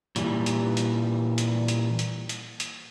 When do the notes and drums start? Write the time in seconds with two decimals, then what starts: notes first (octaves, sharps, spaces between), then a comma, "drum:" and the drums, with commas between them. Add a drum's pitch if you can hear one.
0.16 A#2 E3 G3, drum: hi-hat
0.46 drum: hi-hat
0.77 drum: hi-hat
1.38 drum: hi-hat
1.68 drum: hi-hat
1.99 drum: hi-hat
2.29 drum: hi-hat
2.60 drum: hi-hat